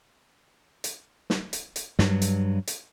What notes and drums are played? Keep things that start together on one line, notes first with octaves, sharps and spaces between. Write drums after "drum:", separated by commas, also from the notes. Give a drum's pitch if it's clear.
drum: hi-hat
drum: snare
drum: hi-hat
drum: hi-hat
G2 F#3, drum: snare
drum: hi-hat
drum: hi-hat